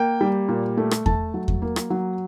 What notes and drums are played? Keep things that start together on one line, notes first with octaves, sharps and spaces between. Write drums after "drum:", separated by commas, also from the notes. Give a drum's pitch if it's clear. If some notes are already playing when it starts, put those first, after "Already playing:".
Already playing: A#3 G5
G3
A#2
A3
drum: rim click
A3 A5, drum: kick E2
F#3
drum: kick E2
A#3
drum: rim click
F#3